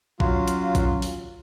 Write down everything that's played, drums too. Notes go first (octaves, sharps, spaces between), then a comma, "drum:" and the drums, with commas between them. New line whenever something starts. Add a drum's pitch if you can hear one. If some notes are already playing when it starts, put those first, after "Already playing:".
F#3 C#4 F4, drum: kick A#1
drum: hi-hat
drum: kick A#1, hi-hat
drum: open hi-hat